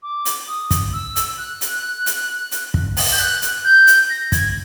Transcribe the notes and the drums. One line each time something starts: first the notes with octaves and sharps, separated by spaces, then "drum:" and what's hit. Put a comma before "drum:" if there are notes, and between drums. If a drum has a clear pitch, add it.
D6
drum: hi-hat
D#6
drum: kick, hi-hat
E6
drum: hi-hat
F#6
drum: hi-hat
drum: hi-hat
drum: hi-hat
drum: kick
drum: open hi-hat
G6
F#6
drum: hi-hat
G6
drum: hi-hat
A#6
G#6, drum: kick, hi-hat